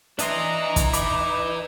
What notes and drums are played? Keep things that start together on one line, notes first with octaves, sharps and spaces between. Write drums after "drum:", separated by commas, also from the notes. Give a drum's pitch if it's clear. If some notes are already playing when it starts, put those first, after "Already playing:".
D4 B4 D#5 E5 A#5 C6, drum: hi-hat
drum: kick, hi-hat
D#4 B5 D6, drum: hi-hat